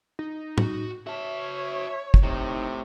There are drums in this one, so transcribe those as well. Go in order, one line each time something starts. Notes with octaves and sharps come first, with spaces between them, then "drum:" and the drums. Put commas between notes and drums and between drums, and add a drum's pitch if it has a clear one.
D#4
F#4, drum: tom A2
F#4 C#5 E5 A5
drum: kick
A2 C3 D#4